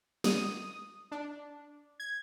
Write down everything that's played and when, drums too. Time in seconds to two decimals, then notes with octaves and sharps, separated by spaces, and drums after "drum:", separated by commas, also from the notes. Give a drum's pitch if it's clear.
0.24 D#6, drum: snare
1.12 D4
2.00 G#6